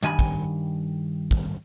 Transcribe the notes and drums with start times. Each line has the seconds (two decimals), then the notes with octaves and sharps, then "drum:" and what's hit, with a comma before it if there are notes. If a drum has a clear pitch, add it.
0.03 G2 D#3 G#5 B5, drum: hi-hat
0.19 drum: kick
1.31 drum: kick